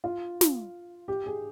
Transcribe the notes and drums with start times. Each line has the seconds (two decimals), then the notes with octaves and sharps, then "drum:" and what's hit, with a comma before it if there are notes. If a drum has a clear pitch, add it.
0.04 F4
0.41 drum: snare
1.08 G4
1.26 G#4